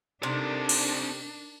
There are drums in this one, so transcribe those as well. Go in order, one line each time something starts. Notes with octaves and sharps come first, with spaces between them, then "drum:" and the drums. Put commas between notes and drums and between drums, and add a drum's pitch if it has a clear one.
C3 C4 D4 D#4 A4 A#4 D5
drum: cymbal